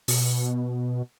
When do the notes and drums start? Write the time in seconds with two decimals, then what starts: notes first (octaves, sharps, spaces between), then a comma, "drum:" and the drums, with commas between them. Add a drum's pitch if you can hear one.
0.08 B2, drum: open hi-hat